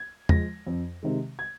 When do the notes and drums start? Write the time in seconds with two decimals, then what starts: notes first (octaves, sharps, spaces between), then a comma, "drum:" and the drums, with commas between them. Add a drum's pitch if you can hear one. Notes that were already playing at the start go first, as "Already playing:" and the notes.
Already playing: G#6
0.29 F3 G#3 A#6, drum: tom
0.67 F2
1.03 C3 D#3 G#3
1.39 G#6